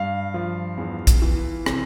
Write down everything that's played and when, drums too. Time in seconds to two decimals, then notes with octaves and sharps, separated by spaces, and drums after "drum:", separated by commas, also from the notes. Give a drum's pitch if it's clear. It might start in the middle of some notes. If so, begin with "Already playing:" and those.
Already playing: G2 F5
0.34 F3
0.77 E2
1.07 drum: kick A#1, hi-hat
1.22 E3
1.66 C3, drum: rim click